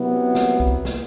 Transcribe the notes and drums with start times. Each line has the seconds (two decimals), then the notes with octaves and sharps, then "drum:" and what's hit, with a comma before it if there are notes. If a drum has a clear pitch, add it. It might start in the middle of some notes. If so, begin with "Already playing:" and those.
Already playing: C3 F#3 B3 E4
0.35 drum: snare
0.60 drum: kick C2
0.85 drum: snare